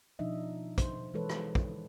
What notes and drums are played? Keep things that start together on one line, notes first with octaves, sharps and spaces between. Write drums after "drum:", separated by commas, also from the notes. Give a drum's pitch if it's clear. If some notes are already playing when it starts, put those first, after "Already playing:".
B2 F3 D4 D#4 D#5 E5
C5, drum: kick, hi-hat
E3 G#3 A4 B4 C#5
drum: rim click
drum: kick